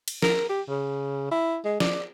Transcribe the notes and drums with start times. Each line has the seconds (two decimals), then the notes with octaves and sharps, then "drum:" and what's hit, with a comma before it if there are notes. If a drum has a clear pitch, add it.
0.08 drum: cymbal
0.22 A#4, drum: snare
0.49 G4
0.69 C#3
1.31 E4
1.64 G#3
1.80 D5, drum: snare